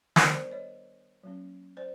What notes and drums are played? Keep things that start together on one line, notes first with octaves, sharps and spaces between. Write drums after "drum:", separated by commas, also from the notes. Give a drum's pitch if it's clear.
D#3 G3 B3 D4 A#4 C5, drum: snare
C5 D5
C#5 D#5
F#3 A#3 C#4
C5 D5